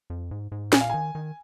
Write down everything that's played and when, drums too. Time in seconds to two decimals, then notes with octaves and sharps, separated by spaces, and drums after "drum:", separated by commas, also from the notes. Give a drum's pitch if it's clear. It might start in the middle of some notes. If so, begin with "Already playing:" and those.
0.10 F2
0.31 G#2
0.52 G#2
0.73 A#2 G#5, drum: snare
0.81 F5
0.90 D#3 G#5
1.15 D#3